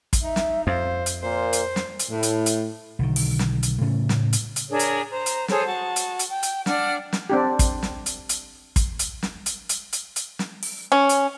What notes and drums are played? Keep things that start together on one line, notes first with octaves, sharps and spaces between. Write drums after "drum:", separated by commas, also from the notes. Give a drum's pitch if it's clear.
drum: kick, hi-hat
D#4 E5
drum: snare
F2 C5 F5
drum: hi-hat
A#2 A#4 C5
drum: hi-hat
drum: snare
drum: hi-hat
A2
drum: hi-hat
drum: hi-hat
B1 D3 D#3
drum: open hi-hat
drum: snare
drum: hi-hat
A2 C#3 A3 C#4
drum: snare
drum: hi-hat
drum: hi-hat
D4 G#4 A#4 C#5
drum: hi-hat
C5 A#5
drum: hi-hat
G#4 A4 C5 C#5, drum: snare
F#4 A5
drum: hi-hat
drum: hi-hat
G5
drum: hi-hat
D4 D5 F#5 F6, drum: snare
drum: snare
C4 D4 G4
drum: kick, hi-hat
drum: snare
drum: hi-hat
drum: hi-hat
drum: kick, hi-hat
drum: hi-hat
drum: snare
drum: hi-hat
drum: hi-hat
drum: hi-hat
drum: hi-hat
drum: snare
drum: open hi-hat
C#4
drum: hi-hat